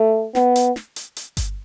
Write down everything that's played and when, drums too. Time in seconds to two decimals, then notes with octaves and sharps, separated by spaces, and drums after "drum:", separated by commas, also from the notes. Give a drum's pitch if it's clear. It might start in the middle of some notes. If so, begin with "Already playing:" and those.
Already playing: A3
0.35 B3, drum: snare
0.56 drum: hi-hat
0.76 drum: snare
0.96 drum: hi-hat
1.17 drum: hi-hat
1.37 drum: kick G1, hi-hat